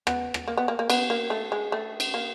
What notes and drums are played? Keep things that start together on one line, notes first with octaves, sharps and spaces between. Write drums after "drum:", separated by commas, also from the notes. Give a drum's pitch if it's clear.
B3, drum: rim click
drum: rim click
A#3
B3
A#3
A#3
B3, drum: cymbal
A#3
A3
G#3
A3
drum: cymbal
A#3